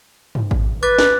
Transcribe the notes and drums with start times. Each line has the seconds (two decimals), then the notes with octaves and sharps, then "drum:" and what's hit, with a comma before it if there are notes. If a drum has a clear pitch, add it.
0.35 drum: tom G2
0.51 drum: kick G#1
0.83 B4 D6 F#6 A6
0.99 drum: snare